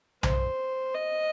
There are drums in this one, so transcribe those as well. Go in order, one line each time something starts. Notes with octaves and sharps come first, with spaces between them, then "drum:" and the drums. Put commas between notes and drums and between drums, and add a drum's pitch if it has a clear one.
C5, drum: tom B1
D#5